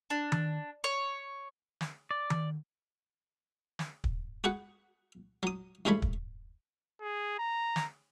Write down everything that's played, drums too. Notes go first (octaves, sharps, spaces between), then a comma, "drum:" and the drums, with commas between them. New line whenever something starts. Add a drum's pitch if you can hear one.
D4
drum: tom D#3
C#5
drum: snare
D5
drum: tom D#3
drum: snare
drum: kick
F#4 G#4 B4 F#5
F#3 D#6
G2 E3 G#3 A3 C#5 B5
drum: kick
G#4
A#5
drum: snare